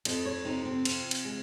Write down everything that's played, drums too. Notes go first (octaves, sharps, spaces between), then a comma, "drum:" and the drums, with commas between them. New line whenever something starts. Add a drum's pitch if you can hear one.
F2 D#5, drum: cymbal
C#5
C3 D#4
C4
F3, drum: cymbal
drum: cymbal
G#3